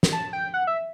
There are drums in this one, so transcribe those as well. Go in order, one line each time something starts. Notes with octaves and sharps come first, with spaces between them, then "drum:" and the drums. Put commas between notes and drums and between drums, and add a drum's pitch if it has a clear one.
drum: snare
A5
G5
F#5
E5